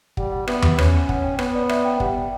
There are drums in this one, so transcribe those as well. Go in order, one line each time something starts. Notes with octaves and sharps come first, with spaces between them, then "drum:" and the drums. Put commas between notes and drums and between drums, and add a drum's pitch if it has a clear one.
G3 F#5, drum: kick
F#5
B3 E5, drum: rim click
F#5, drum: tom E2
C#4, drum: rim click
F#5
F#5, drum: kick
G5
B3 F#5, drum: rim click
D5
E5, drum: rim click
G5
G3 F#5, drum: kick